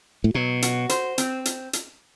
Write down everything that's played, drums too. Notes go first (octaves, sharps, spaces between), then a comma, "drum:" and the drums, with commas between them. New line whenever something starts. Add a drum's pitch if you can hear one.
A2
B2 F#3
F#4, drum: hi-hat
C5, drum: hi-hat
C4, drum: hi-hat
drum: hi-hat
drum: hi-hat